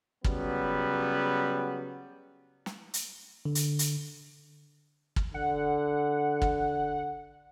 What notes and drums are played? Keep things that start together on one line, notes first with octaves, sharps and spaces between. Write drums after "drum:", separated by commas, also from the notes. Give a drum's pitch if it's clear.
C#3 F#3 G3 B3, drum: kick
drum: snare
drum: hi-hat
D3
drum: hi-hat
drum: hi-hat
drum: kick
D3 F#5
drum: kick